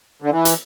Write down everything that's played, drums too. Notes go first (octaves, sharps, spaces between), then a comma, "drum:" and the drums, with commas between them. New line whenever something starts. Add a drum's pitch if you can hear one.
D3
E3
drum: hi-hat